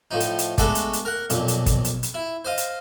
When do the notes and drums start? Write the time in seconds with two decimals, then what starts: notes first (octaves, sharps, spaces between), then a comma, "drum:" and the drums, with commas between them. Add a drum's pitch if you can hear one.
0.11 A2 F3 D#4
0.20 drum: hi-hat
0.39 drum: hi-hat
0.58 G#3 A3 B3 D4 F#4 A4, drum: kick, hi-hat
0.75 drum: hi-hat
0.93 drum: hi-hat
1.05 A#4 F#5
1.30 B1 F2 A#2, drum: hi-hat
1.48 drum: hi-hat
1.66 drum: kick, hi-hat
1.85 drum: hi-hat
2.03 drum: hi-hat
2.14 E4
2.45 C5 D#5 F5
2.58 drum: hi-hat